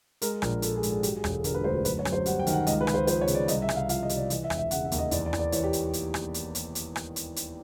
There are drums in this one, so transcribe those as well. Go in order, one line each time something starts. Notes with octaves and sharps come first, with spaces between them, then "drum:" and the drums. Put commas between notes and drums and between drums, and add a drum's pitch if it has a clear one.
G#3 A#4, drum: hi-hat
A#1 A#4, drum: rim click
F3 A4, drum: hi-hat
G#4
G#2, drum: hi-hat
G#4
F#3 G4, drum: hi-hat
G#4
E1, drum: rim click
A4
D3 A#4, drum: hi-hat
B4
D2 C5
A#4
F#2 B4, drum: hi-hat
C#5
F#2, drum: rim click
C5
G3 F#5, drum: hi-hat
G5
D#3, drum: hi-hat
F#5
C#2 D#5, drum: hi-hat
B4
C#2, drum: rim click
C5
F3 C5, drum: hi-hat
C#5
C#3, drum: hi-hat
D5
C2 D#5, drum: hi-hat
E5
C2, drum: rim click
F5
F3 F5, drum: hi-hat
D#5
C3, drum: hi-hat
D5
E3 D#5, drum: hi-hat
E5
E1, drum: rim click
E5
C#3 F#5, drum: hi-hat
E5
D#2, drum: hi-hat
D#5
E2 D5, drum: hi-hat
D5
E2, drum: rim click
D5
E3 C#5, drum: hi-hat
G4
drum: hi-hat
drum: hi-hat
drum: rim click
drum: hi-hat
drum: hi-hat
drum: hi-hat
drum: rim click
drum: hi-hat
drum: hi-hat